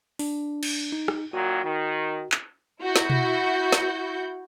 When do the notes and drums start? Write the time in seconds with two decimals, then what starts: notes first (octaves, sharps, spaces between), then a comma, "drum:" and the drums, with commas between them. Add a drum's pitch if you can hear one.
0.19 D4, drum: open hi-hat
0.63 drum: cymbal
0.92 D#4
1.08 drum: rim click
1.33 A#2 D#3 F#3 F#4
1.64 D#3
2.32 drum: clap
2.82 E4 F#4 G6
2.96 drum: snare
3.10 drum: tom B2
3.72 drum: snare